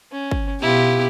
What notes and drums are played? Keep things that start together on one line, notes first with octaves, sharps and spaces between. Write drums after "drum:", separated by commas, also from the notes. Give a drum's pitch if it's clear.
C#4
drum: kick
B2 B3 E4 F4 G4